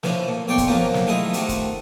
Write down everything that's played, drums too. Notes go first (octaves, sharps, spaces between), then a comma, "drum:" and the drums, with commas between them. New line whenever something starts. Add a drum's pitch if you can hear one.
D3 E3 F3 C#4, drum: snare
A#2
B1 C#5 D5 G5 C6 C#6
drum: kick, hi-hat
D#3 F3 F#3 A#3 C#4 F4
drum: snare
D#3 A3 E4 F4 G#4 D#5
C3 D#3 A3 F4 F#4, drum: hi-hat
drum: kick, hi-hat